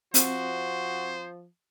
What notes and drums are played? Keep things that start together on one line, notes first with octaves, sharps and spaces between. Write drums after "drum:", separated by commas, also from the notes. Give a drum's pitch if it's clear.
F3 C4 F#4 C5, drum: hi-hat